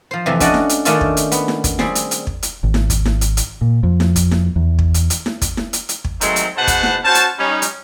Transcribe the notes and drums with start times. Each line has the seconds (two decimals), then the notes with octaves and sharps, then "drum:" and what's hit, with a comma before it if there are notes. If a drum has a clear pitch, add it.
0.11 F3 C5
0.26 F2 C3 E3 A3
0.40 C#4 D4 F#4 D5 D#5 F#5, drum: kick, hi-hat
0.54 drum: snare E4
0.69 drum: hi-hat
0.85 D#3 A3 C#4 D4 F4 A4, drum: hi-hat
1.01 drum: kick
1.17 drum: hi-hat
1.32 B3, drum: hi-hat
1.48 drum: snare E4
1.64 drum: kick, hi-hat
1.79 G3 C4 G#4, drum: snare E4
1.95 drum: hi-hat
2.11 drum: hi-hat
2.27 drum: kick
2.43 drum: hi-hat
2.63 G#1
2.74 drum: snare E4
2.90 drum: kick, hi-hat
3.05 drum: snare E4
3.21 drum: hi-hat
3.37 drum: hi-hat
3.61 A#2
3.83 F2
4.00 drum: snare E4
4.16 drum: kick, hi-hat
4.31 drum: snare E4
4.56 E2
4.79 drum: kick
4.94 drum: hi-hat
5.10 drum: hi-hat
5.26 drum: snare E4
5.42 drum: kick, hi-hat
5.57 drum: snare E4
5.73 drum: hi-hat
5.89 drum: hi-hat
6.04 drum: kick
6.21 D#3 F#3 G#3 A3 C4, drum: hi-hat
6.36 drum: hi-hat
6.57 G#2 B2 B4 C5 F#5 A5
6.67 drum: kick, hi-hat
6.83 drum: snare E4
7.04 C#4 F#4 C5 A5
7.15 drum: hi-hat
7.39 G3 C#4 D#4
7.62 drum: hi-hat